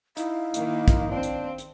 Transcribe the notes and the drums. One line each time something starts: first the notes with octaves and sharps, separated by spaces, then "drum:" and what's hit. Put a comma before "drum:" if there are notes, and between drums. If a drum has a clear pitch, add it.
D#4 E4 F5, drum: hi-hat
D#3 A#3, drum: hi-hat
drum: kick, hi-hat
C4 D4
drum: hi-hat
drum: hi-hat